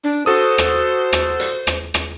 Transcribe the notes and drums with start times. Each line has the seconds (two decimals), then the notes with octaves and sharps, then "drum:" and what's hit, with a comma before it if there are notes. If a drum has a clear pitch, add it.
0.04 D4
0.26 F#4 A4 C5 D#6
0.58 drum: rim click
1.13 drum: rim click
1.40 drum: hi-hat
1.67 drum: rim click
1.94 drum: rim click